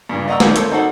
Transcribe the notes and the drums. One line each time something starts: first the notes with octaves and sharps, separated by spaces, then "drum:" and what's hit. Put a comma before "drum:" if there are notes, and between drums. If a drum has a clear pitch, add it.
G2 A#2 C#3
D5 D#5 F#5 A#5 C#6 E6
A#2 D#3 F#3, drum: snare
C4 A4 C#5, drum: hi-hat
A#3 D#4 F#4 A4 C5 F#5